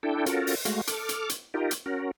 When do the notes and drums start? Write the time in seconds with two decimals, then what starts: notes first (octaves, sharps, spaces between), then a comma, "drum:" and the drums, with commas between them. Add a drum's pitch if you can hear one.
0.03 D4 E4 A4 G5
0.26 C#4 F4 F#4 A4 A#4, drum: hi-hat
0.47 drum: open hi-hat
0.65 G#3 A3 F#4 F5, drum: hi-hat
0.87 A4 D6 F6, drum: hi-hat
1.09 drum: hi-hat
1.29 drum: hi-hat
1.54 D#4 F4 G4 A#4
1.71 drum: hi-hat
1.86 C#4 F#4 A#4